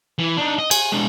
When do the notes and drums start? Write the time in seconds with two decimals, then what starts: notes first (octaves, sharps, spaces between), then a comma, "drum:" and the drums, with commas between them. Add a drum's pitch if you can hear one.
0.19 E3
0.37 D4 D#4
0.59 D#5
0.71 G#5, drum: cymbal
0.92 G#3 D4